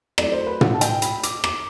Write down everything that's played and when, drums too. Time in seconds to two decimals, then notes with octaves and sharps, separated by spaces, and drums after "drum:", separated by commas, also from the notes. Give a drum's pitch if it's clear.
0.18 F#3 A3 C4 E4 D5, drum: rim click
0.32 C5
0.47 B4
0.61 F#5, drum: tom
0.74 A5
0.81 G5, drum: hi-hat
1.02 B5, drum: hi-hat
1.23 D6, drum: hi-hat
1.44 D6, drum: rim click